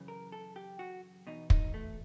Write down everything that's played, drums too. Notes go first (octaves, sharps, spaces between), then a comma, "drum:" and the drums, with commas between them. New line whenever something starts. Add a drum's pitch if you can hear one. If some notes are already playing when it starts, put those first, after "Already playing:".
Already playing: F#2 C#3 E3
A#4
A4
G4
F#4
E2 B2 D#4
D#4, drum: kick
A3